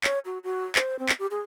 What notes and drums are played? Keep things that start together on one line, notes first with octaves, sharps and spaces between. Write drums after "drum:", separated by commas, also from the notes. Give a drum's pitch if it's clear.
C#5, drum: clap
F#4
F#4
C5, drum: clap
C4
drum: clap
G4
G#4